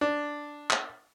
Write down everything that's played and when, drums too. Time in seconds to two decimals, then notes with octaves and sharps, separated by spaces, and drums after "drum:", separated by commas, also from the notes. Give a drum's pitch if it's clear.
0.01 D4
0.71 drum: clap